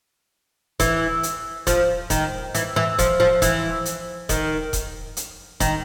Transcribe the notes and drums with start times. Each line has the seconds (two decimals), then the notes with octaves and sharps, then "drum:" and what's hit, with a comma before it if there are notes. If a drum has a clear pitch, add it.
0.80 E3, drum: kick D#1, hi-hat
1.23 drum: hi-hat
1.67 F3, drum: kick D#1, hi-hat
2.10 D#3, drum: kick D#1, hi-hat
2.55 E3, drum: hi-hat
2.76 E3
2.99 F3, drum: kick D#1, hi-hat
3.20 F3
3.42 E3, drum: kick D#1, hi-hat
3.85 drum: hi-hat
4.29 D#3, drum: kick D#1, hi-hat
4.73 drum: kick D#1, hi-hat
5.17 drum: hi-hat
5.60 D#3, drum: kick D#1, hi-hat